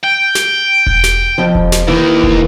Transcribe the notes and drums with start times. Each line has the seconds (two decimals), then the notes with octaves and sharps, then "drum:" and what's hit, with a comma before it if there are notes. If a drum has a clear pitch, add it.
0.03 G5
0.35 drum: snare
0.86 drum: kick E1
1.04 drum: snare
1.38 F2 F3
1.55 drum: kick E1
1.72 drum: snare
1.88 D#2 D#3 E3
2.23 drum: kick E1